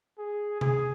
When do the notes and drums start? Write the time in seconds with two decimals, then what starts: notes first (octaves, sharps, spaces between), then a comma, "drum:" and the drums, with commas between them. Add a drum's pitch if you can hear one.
0.18 G#4
0.61 G#4, drum: tom C3